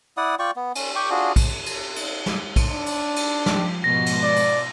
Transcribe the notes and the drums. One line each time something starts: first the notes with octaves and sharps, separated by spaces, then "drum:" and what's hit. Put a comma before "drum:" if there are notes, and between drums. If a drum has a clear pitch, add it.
E4 D5 F#5 D#6
F4 D5 G5 C#6
B3
C#4, drum: cymbal
G4 G5 C#6
D4 F4 F#4 G#4
drum: kick, cymbal
drum: cymbal
drum: cymbal
drum: snare
drum: kick, cymbal
D4
drum: cymbal
drum: cymbal
F3 G4, drum: snare
G#2 B2 F3 A#6
drum: cymbal
D5
drum: cymbal